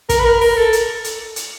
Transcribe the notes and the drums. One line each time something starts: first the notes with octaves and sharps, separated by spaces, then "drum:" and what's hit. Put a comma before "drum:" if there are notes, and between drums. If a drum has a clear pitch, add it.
A#4, drum: kick, hi-hat
B4
A#4
A#4, drum: open hi-hat
A4
drum: hi-hat
drum: hi-hat
drum: hi-hat